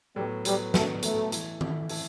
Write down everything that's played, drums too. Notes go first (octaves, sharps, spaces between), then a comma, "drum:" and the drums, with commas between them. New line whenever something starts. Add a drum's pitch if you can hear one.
A2 F#3 G3 B3
A2 F#3 G3 B3, drum: hi-hat
A2 F#3 A3 B3, drum: snare
A2 F#3 A3 B3, drum: hi-hat
E3 A3 E4 A4, drum: hi-hat
E3 A3 E4 A4, drum: tom D#3
E3 A3 E4 A4, drum: open hi-hat